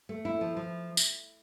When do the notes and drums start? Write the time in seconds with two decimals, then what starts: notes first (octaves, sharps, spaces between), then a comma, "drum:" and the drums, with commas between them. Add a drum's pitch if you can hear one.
0.09 A3
0.25 E4
0.41 F3
0.57 F3
0.97 drum: tambourine